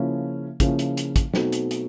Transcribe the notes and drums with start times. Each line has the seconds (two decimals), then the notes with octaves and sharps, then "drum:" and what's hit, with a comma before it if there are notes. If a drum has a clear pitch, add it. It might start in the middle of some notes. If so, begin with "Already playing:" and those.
Already playing: C#3 F3 A#3 C#4 E4
0.60 C#3 F3 A#3 C#4 E4, drum: kick, hi-hat
0.79 drum: hi-hat
0.97 drum: hi-hat
1.16 drum: kick, hi-hat
1.34 B2 F#3 A3 C4 D#4, drum: snare
1.52 drum: hi-hat
1.71 drum: hi-hat